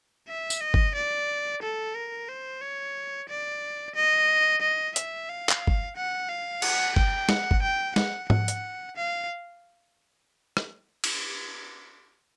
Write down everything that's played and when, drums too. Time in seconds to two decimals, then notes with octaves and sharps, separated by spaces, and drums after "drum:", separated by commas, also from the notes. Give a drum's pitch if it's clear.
0.29 E5
0.50 drum: tambourine
0.61 D#5
0.74 drum: kick
0.95 D5
1.62 A4
1.96 A#4
2.29 C5
2.62 C#5
3.29 D5
3.96 D#5
4.62 D#5
4.96 E5, drum: hi-hat
5.29 F5
5.49 drum: clap
5.67 drum: kick
5.96 F#5
6.29 F5
6.62 F#5, drum: cymbal
6.96 G5, drum: kick
7.29 F#5, drum: snare
7.51 drum: kick
7.63 G5
7.96 F#5, drum: snare
8.30 F#5, drum: tom G#2
8.48 drum: hi-hat
8.97 F5
10.57 drum: rim click
11.04 drum: cymbal